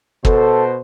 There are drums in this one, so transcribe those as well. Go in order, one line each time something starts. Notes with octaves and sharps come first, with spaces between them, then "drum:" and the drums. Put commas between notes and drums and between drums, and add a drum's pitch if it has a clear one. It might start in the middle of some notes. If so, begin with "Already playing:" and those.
B2 A4 C5, drum: kick